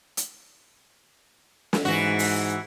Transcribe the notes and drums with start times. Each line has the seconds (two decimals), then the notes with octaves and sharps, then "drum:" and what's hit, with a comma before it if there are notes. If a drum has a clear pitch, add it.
0.17 drum: hi-hat
1.73 drum: snare
1.85 G#2 E3 F#4
2.19 drum: open hi-hat